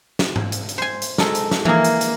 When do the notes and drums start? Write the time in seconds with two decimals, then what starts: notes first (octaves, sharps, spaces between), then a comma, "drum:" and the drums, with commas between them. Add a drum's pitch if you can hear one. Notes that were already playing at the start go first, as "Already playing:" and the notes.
0.19 drum: snare
0.36 drum: tom G#2
0.52 drum: hi-hat
0.69 drum: hi-hat
0.78 C5 G#5
1.02 drum: hi-hat
1.18 G#3 A4 A#4, drum: snare
1.35 drum: hi-hat
1.51 drum: snare
1.65 E3 A#3 G#4, drum: tom F3
1.84 drum: hi-hat
2.01 drum: hi-hat